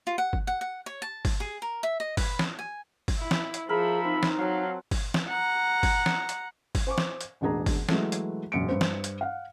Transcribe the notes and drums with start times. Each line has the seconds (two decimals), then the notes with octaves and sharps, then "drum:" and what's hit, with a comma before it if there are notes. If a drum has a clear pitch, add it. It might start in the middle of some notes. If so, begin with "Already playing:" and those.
0.07 F4
0.18 F#5
0.33 drum: kick G1
0.47 F#5
0.61 F#5
0.86 C#5
1.02 A5
1.25 drum: kick G1, open hi-hat
1.40 G#4
1.62 A#4
1.83 E5
2.00 D#5
2.17 B4, drum: kick G1, open hi-hat
2.39 drum: snare
2.59 G#5
3.08 drum: kick G1, open hi-hat
3.19 E4
3.31 drum: snare
3.54 drum: hi-hat
3.69 F3 G#4 A#4 E5 B5
4.05 C4 D#4
4.23 drum: snare
4.38 F#3 F5 F#5 A5
4.91 drum: kick G1, open hi-hat
5.14 drum: snare
5.29 F#5 A#5
5.83 drum: kick G1, open hi-hat
6.06 drum: snare
6.29 drum: hi-hat
6.75 drum: kick G1, open hi-hat
6.87 C5 G#5 C#6 D6
6.98 drum: snare
7.21 drum: hi-hat
7.41 E1 A1 D4 G#4 A#5
7.66 drum: kick G1, open hi-hat
7.89 E3 F#3 G#3 A3, drum: snare
8.12 drum: hi-hat
8.52 E1 A#1 F#2 C#7 D7
8.68 G2 C5
8.81 drum: snare
9.04 drum: hi-hat
9.21 F5 F#5